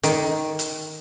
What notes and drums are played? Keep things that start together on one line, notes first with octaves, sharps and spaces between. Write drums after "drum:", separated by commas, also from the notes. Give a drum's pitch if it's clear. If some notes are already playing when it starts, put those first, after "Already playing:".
D#3, drum: hi-hat
drum: hi-hat